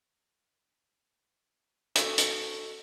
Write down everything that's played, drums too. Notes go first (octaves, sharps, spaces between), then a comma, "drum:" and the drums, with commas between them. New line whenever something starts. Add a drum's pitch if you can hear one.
F#4 A4, drum: hi-hat
drum: hi-hat